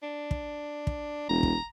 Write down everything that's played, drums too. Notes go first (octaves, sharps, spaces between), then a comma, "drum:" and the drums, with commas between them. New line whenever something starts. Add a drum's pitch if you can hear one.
D4
drum: kick
drum: kick
E1 A#5
drum: kick